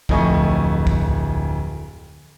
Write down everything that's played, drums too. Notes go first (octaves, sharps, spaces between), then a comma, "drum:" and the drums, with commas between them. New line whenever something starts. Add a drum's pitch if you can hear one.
D1 F2 A3 D#5 G#5 C#6, drum: kick
drum: kick